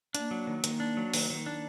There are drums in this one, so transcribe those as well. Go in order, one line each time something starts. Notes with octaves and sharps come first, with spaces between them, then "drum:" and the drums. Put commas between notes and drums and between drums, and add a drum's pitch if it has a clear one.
A#3 D4, drum: hi-hat
F#3
D#3
D#3 A#3, drum: hi-hat
D4
F#3
D#3, drum: open hi-hat
D#3
D4